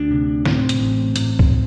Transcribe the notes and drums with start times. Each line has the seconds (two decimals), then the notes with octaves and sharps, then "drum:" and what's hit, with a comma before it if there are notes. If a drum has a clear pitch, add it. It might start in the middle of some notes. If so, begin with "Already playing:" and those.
Already playing: D2 D4
0.11 C3
0.45 A2 C4, drum: snare
0.69 drum: hi-hat
0.81 A1
1.16 A2, drum: hi-hat
1.39 drum: kick C2